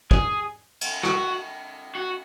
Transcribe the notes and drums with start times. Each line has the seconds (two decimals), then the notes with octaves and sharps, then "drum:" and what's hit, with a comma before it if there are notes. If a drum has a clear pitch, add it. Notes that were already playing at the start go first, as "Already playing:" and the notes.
0.11 G#4, drum: kick
0.81 drum: cymbal
1.03 F#4, drum: rim click
1.95 F#4